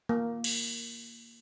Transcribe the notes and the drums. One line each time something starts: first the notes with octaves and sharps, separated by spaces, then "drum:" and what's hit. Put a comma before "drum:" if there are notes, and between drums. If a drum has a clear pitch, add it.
A#3
drum: cymbal